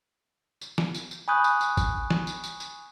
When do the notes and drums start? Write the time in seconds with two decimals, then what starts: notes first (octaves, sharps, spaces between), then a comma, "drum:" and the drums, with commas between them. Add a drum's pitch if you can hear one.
0.61 drum: tambourine
0.78 drum: snare
0.95 drum: tambourine
1.11 drum: tambourine
1.28 G#5 B5 C#6 D#6 F#6 G6
1.44 drum: tambourine
1.61 drum: tambourine
1.77 drum: kick G#1, tambourine
2.10 drum: snare
2.27 drum: tambourine
2.44 drum: tambourine
2.60 drum: tambourine